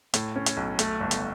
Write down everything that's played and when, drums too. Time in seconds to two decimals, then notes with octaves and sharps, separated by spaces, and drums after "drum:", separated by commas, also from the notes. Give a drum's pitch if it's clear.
0.14 A2, drum: hi-hat
0.36 C#4
0.46 drum: hi-hat
0.57 B1
0.79 A3, drum: hi-hat
1.01 G1
1.11 drum: hi-hat